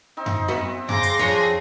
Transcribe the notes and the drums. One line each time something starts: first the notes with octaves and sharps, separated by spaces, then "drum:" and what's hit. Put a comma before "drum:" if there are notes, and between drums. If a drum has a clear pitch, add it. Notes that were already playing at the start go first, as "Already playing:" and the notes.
C4 D#4
drum: tom F#2
B3 C4 F#4 E5
C#3 G#5 A#5 C6 D6 A#6, drum: tom F#2
drum: hi-hat
F2 D4 G#4 C#5